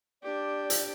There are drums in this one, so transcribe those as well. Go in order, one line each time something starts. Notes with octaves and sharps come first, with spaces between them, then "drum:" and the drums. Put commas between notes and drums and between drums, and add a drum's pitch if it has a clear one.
D4 G4 D5
drum: hi-hat